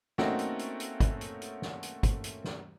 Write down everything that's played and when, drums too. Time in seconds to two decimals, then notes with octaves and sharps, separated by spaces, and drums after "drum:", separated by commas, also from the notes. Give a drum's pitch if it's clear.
0.18 A3 A#3 C4 C#4 D#4 F#4, drum: snare
0.39 drum: hi-hat
0.59 drum: hi-hat
0.80 drum: hi-hat
1.00 drum: kick, hi-hat
1.21 drum: hi-hat
1.42 drum: hi-hat
1.62 drum: snare
1.83 drum: hi-hat
2.03 drum: kick, hi-hat
2.24 drum: hi-hat
2.44 drum: snare